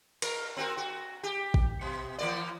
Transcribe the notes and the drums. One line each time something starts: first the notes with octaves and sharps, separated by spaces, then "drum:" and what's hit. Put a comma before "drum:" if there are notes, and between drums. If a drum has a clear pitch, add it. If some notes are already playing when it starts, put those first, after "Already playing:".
A#4, drum: cymbal
C4 F#4 A#4
F#4
G4
drum: kick A1
B2
E3 A#3 D5